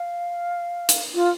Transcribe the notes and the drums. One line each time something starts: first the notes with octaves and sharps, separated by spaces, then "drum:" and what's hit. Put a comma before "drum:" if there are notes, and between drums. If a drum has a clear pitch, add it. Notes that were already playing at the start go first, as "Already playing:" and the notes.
Already playing: F5
drum: hi-hat
F4